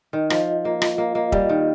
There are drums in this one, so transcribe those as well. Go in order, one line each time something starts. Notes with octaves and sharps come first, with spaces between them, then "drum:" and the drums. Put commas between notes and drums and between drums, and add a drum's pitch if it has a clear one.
D#3 D#5
F3 D#5, drum: rim click
F4
A#3 F4
F4, drum: rim click
A#3 F4
A#3 D#5
G3 D#5, drum: kick
D#3 F4